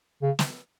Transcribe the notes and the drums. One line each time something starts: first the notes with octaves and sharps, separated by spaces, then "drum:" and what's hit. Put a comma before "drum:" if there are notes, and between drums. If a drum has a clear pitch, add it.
C#3
drum: snare